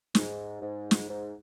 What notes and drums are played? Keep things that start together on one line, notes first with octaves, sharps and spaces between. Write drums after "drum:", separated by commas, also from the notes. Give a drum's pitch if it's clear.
G#2, drum: snare
G#2
drum: snare
G#2